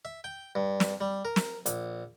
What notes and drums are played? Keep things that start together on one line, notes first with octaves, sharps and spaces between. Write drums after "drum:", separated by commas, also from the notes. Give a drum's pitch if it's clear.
E5
G5
G2
drum: snare
G3
A#4
drum: snare
A#1, drum: hi-hat